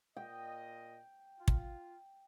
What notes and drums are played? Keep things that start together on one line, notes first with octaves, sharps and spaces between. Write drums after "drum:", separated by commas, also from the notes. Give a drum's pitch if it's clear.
A#2 D#5 G5
F4
drum: kick